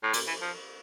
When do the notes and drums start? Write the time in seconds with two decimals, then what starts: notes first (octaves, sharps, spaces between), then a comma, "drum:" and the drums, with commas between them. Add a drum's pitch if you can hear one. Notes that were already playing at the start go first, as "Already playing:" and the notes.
0.03 A2
0.13 A#2, drum: cymbal
0.27 E3
0.42 F3